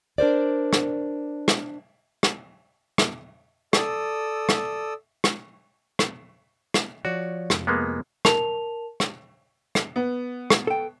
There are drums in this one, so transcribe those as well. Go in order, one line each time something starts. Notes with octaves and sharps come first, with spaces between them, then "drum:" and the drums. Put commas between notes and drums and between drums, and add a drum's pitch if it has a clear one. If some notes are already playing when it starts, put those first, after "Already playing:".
D4 A#4 C5 D5
drum: rim click
drum: rim click
drum: rim click
drum: rim click
A4 D5 D#6 E6, drum: rim click
drum: rim click
drum: rim click
drum: rim click
drum: rim click
F3 F#4 C#5 D5
F2 C3, drum: rim click
G#3 A#3 B3
A#4 A5 F7, drum: rim click
drum: rim click
drum: rim click
B3
drum: rim click
A4 G5